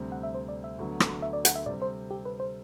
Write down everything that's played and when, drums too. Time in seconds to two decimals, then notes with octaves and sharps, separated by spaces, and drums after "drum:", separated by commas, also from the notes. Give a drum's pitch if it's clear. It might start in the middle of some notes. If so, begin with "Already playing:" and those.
Already playing: D2 C3 G3 C4
0.12 F#5
0.23 E5
0.35 C5
0.49 D5
0.64 E5
0.78 D2 D3 F#3 B3
1.00 drum: rim click
1.22 E5
1.33 D5
1.45 F#5, drum: hi-hat
1.55 E5
1.66 C3 G3 C4 D5
1.82 C5
2.11 G4
2.25 B4
2.40 C5